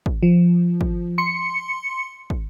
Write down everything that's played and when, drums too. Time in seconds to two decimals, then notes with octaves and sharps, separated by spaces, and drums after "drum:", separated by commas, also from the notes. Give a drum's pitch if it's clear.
0.06 drum: kick
0.23 F3
0.81 drum: kick
1.18 C6 C#7
2.30 drum: kick